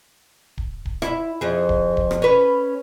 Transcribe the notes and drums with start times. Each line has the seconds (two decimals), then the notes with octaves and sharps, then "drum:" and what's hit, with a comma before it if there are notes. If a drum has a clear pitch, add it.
0.58 drum: kick D1
0.85 drum: kick D1
1.02 E4, drum: rim click
1.41 F2 G#4
1.69 drum: kick D1
1.97 drum: kick D1
2.11 drum: rim click
2.22 C#4 B4